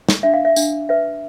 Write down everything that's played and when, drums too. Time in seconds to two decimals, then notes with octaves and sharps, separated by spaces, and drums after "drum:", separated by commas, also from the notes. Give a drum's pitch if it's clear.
0.09 drum: snare
0.23 D4 E5
0.34 F5
0.45 E5
0.56 D4, drum: tambourine
0.89 B4 E5